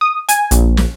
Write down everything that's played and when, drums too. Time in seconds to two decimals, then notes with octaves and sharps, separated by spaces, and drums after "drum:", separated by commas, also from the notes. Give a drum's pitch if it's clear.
0.01 D#6
0.29 G#5, drum: hi-hat
0.51 A#1, drum: hi-hat
0.77 drum: snare